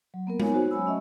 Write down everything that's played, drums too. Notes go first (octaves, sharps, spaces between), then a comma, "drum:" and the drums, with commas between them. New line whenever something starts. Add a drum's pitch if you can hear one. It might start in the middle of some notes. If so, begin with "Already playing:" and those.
F#3
A#3 B3 A#4
B3 D#4 C#5 G#5, drum: tom G#3
F#4 C5 C#5
F#3 C#4 C#5 G#5 B5 E6
A3 C#4 D#5 E5